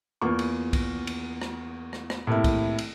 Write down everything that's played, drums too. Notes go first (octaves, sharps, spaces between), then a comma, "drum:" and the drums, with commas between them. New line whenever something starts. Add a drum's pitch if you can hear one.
E2 A#3 F4 C#6
drum: cymbal
drum: kick, cymbal
drum: cymbal
drum: rim click
drum: rim click
drum: rim click
A2 C3 A#3 E4
drum: kick, cymbal
drum: cymbal